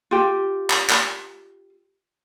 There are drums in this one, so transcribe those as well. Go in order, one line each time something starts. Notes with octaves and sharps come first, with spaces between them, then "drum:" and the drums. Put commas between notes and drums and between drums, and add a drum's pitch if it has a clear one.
F4 G4
drum: clap
drum: clap